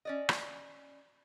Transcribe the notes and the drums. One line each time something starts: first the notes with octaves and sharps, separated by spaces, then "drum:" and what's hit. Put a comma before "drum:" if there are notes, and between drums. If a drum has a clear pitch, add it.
C#4 D5 D#5
drum: rim click